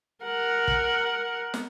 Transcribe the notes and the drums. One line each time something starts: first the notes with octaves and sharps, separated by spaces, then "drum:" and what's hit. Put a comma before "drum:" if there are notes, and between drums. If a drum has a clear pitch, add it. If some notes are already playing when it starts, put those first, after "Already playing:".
A#4 F#5
drum: kick
drum: snare